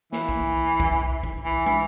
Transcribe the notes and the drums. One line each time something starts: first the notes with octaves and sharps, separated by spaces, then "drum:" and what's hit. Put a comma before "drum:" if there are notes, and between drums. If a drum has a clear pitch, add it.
E3, drum: snare
drum: kick B1
drum: kick B1
drum: kick B1
E3
E3, drum: tom